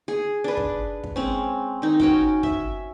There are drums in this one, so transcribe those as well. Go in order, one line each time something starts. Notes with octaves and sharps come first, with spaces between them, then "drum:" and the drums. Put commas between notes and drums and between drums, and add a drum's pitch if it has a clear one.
G#4
D4 B4
drum: kick
drum: kick
G#3 C4 C#4
D#3 D#4
C#4 F#4 G5, drum: kick
E5, drum: kick